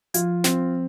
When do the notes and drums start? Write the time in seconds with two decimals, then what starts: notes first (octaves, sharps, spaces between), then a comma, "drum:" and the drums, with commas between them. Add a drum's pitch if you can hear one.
0.14 F3 F4, drum: hi-hat
0.44 C4, drum: snare